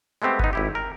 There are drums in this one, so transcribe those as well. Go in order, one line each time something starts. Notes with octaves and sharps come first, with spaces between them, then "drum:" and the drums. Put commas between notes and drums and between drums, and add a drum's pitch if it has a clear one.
G#3 A3 B3 C4 G4
B3 D#4, drum: kick G1
G#1 E4 G4
A#4